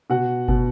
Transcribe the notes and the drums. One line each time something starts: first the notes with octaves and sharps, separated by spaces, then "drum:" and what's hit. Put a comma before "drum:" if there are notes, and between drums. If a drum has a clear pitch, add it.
B2 F#4 F#5
B2, drum: kick F#1